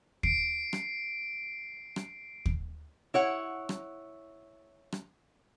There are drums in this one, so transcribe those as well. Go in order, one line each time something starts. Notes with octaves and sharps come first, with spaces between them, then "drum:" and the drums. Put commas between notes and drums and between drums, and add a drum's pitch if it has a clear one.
C7 D7, drum: kick
drum: rim click
drum: rim click
drum: kick
E4 C#5 F#5
drum: rim click
drum: rim click